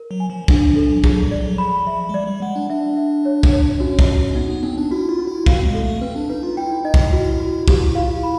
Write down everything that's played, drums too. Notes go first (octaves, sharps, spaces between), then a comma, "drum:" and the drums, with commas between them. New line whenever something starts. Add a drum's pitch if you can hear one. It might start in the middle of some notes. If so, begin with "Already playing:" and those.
Already playing: A#4
F#3
G#5
F3
F3 D4, drum: kick
E3
F3 A4
F#3
F#3 G#4, drum: kick
G3
D5
F#3
F3 B5
F3 E5
G#3
G3 D5
G3
G#3 F#5
D4
D4 E5
E5
C#5
drum: kick
C#5
C#4 F#4
drum: kick
F#4
B3 D#4
B3
C4 D#4
D4
E4 F#4
F4
F#4
E4
C4 F5, drum: kick
G#3
A4
A3
C4 B4
D4
D#4 B4
F4
E4 G5
D#4
D#4 D#5
drum: kick
E4 F#4
F#4
E4 G4, drum: kick
E4
F4 F5
E4
B5